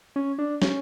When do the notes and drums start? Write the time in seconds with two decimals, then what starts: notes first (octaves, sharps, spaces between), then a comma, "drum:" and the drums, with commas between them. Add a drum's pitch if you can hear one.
0.16 C#4
0.39 D4
0.62 C#4, drum: snare